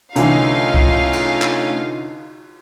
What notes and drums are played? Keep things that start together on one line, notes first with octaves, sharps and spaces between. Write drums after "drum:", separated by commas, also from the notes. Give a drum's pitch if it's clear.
C2 D3 E3 A3 C#4 D#4 F4 F5, drum: hi-hat
drum: kick C2
drum: cymbal
drum: clap